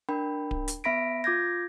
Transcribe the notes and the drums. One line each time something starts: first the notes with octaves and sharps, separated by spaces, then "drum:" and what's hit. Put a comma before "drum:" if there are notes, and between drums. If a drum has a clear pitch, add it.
D4 A#4 G5 B5
drum: kick D1
drum: hi-hat
B3 E5 B5 A#6 B6 D7
F4 D6 G6 G#6 A#6